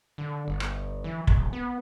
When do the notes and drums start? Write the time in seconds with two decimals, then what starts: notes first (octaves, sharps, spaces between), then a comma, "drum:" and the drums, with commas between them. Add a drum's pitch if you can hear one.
0.18 D3
0.48 G1
0.60 drum: rim click
1.04 E3
1.27 D1, drum: kick
1.53 B3